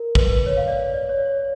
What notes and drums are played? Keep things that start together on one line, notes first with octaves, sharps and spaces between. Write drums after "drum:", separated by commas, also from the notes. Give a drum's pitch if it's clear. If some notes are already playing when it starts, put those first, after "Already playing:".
Already playing: A#4
B4, drum: kick
B4
C#5
F5
D5
D5
C#5
D5
C#5